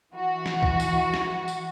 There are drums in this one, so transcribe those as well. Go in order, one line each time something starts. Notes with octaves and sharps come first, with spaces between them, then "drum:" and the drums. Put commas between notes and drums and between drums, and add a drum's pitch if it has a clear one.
E3 F#4
drum: snare
drum: kick
drum: tambourine
drum: snare
drum: tambourine